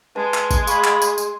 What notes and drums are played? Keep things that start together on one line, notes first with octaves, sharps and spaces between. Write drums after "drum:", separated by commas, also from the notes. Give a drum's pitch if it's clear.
G#3 B4 A5
drum: clap
drum: kick G#1, tambourine
G#4 F5 B5 C#6, drum: tambourine
drum: clap
C6, drum: tambourine
drum: tambourine